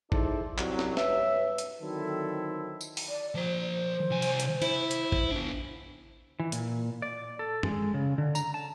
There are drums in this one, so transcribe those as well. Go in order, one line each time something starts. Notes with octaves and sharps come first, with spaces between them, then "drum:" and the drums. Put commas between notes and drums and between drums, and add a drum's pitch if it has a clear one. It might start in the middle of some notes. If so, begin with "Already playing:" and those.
D#4 E4 G#4 A4 C5 D5, drum: kick
C2 F#3, drum: clap
drum: snare
G2 B4 C#5 E5, drum: snare
drum: hi-hat
D3 D#3 F#3 C4 E4 A4
drum: tambourine
drum: open hi-hat
D5
F3 C5 A#5
C2 G#5
drum: cymbal
drum: hi-hat
E4, drum: cymbal
drum: hi-hat
drum: kick
B3 D4
E3
A#2, drum: hi-hat
D5
A4
G#3, drum: tom
C#3
D3
A#5, drum: tambourine
A5